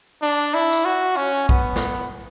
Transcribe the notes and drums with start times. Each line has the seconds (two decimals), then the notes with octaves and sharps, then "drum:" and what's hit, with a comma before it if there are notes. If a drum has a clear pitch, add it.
0.22 D4
0.54 E4
0.73 drum: tambourine
0.85 F#4
1.17 C#4
1.49 B3, drum: kick A#1
1.76 drum: snare